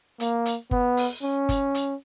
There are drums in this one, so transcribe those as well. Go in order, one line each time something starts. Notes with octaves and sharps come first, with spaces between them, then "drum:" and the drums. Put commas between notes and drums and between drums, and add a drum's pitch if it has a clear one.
A#3, drum: hi-hat
drum: hi-hat
B3, drum: kick G1
drum: open hi-hat
C#4
drum: kick G1, hi-hat
drum: hi-hat